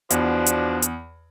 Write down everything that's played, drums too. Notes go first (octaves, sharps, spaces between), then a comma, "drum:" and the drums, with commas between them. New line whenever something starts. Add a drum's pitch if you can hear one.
E2 B2 F3 D4, drum: hi-hat
drum: hi-hat
drum: hi-hat